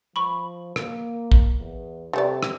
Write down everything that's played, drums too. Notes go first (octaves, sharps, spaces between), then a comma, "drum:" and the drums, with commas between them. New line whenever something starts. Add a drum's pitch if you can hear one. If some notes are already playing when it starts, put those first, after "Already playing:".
F3 B5 C#6
A#3, drum: rim click
drum: kick
E2
C3 G3 A3 D5
drum: rim click